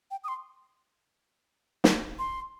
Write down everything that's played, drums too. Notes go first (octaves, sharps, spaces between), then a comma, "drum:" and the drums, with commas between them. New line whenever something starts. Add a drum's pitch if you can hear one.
G5
D#6
C6
drum: snare
C6